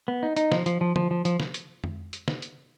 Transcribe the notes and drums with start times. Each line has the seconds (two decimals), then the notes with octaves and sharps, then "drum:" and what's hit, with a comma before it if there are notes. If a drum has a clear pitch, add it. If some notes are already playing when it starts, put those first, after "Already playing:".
0.08 B3
0.23 D#4
0.37 D#4, drum: hi-hat
0.52 F3, drum: snare
0.66 F3, drum: hi-hat
0.81 F3
0.96 F3, drum: tom
1.11 F3
1.25 F3, drum: hi-hat
1.40 drum: snare
1.54 drum: hi-hat
1.84 drum: tom F2
2.13 drum: hi-hat
2.28 drum: snare
2.42 drum: hi-hat